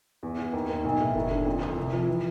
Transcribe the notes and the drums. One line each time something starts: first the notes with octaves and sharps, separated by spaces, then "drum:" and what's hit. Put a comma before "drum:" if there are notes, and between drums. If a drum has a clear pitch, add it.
E2
E2
D#2
D#2
B1
A2
D#2, drum: kick F1
D3
F2
F2, drum: clap
C2
F3
E3